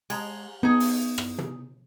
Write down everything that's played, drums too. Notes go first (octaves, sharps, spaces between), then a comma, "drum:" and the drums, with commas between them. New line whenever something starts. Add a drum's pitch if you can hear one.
G#3 A#5, drum: cymbal
B3 D#4 G#4
drum: open hi-hat
drum: rim click
drum: tom